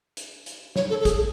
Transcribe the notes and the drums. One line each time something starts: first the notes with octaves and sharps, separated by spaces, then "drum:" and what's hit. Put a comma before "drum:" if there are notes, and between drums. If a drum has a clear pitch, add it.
drum: hi-hat
drum: hi-hat
C#5, drum: snare
A4
A4
G#4, drum: kick, hi-hat